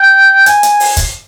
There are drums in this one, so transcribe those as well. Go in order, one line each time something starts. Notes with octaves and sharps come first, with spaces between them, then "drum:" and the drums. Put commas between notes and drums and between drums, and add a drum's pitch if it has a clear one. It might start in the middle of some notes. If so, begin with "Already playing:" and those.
Already playing: G5
G#5, drum: hi-hat
drum: hi-hat
drum: open hi-hat
drum: kick, hi-hat